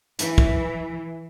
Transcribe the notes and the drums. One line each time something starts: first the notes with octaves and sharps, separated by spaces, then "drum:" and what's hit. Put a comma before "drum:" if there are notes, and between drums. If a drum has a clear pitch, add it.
E3, drum: hi-hat
drum: kick